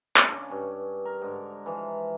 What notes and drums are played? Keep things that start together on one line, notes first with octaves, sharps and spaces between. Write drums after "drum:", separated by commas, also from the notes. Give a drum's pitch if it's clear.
drum: clap
C#3 D4
G2 C#4
A#4
G#2 D3
E3 F3